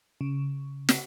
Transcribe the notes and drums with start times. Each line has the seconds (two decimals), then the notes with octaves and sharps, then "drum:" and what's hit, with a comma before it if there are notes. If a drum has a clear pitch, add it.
0.21 C#3
0.89 drum: snare